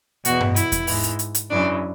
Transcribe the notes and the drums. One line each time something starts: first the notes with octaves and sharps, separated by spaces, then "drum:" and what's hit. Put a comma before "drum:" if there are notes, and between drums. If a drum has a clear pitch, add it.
E2 B2 F#4, drum: hi-hat
drum: tom G2
E4, drum: hi-hat
drum: kick E2, hi-hat
G#2 E3, drum: open hi-hat
drum: hi-hat
drum: hi-hat
drum: hi-hat
F#2 C#3 E3 D4